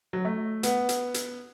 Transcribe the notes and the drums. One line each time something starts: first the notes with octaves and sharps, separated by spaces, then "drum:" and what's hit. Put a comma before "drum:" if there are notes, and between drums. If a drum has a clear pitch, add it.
F#3
A3
B3, drum: hi-hat
drum: hi-hat
drum: hi-hat